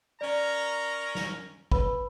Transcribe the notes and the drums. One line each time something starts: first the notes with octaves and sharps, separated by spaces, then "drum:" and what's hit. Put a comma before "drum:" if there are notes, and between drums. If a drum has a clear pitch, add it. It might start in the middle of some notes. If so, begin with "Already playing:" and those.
C#4 A#4 D5 A#5
drum: snare
B4 B5, drum: kick